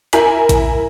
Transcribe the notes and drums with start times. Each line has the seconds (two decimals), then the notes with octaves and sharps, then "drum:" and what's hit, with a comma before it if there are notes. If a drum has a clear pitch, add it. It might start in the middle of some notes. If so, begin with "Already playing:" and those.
0.13 E4 A#4 G#5 B6 F#7, drum: hi-hat
0.49 drum: kick A#1, hi-hat